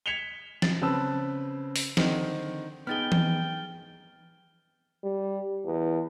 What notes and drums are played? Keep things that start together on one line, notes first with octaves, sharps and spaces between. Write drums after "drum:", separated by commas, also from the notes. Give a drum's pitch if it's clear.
G#6 B6 C#7 E7 F7 G7
A6, drum: snare
C#3 C4 B4 A5 E6
drum: open hi-hat
D3 D#3 C4, drum: snare
B3 D#4 G#4 G5 F6 A6 G7
drum: tom E3
G3
E2